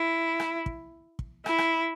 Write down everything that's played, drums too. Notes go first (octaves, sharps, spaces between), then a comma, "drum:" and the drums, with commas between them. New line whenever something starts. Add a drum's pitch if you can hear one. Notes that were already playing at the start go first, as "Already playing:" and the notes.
Already playing: E4
drum: rim click
drum: kick
drum: kick
E4, drum: rim click
drum: rim click